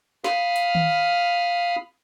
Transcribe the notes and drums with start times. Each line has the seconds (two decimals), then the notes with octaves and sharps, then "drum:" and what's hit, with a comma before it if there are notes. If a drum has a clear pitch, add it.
0.24 F5 B5 D#6 F6, drum: snare
0.56 drum: hi-hat
0.75 drum: tom D#3